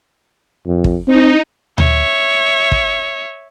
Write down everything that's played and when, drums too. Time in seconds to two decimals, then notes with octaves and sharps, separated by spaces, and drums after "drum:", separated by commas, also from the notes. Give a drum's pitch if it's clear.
0.67 F2
0.84 drum: kick
1.08 C4 D#4
1.78 C#5 E5, drum: tom D2
2.72 drum: kick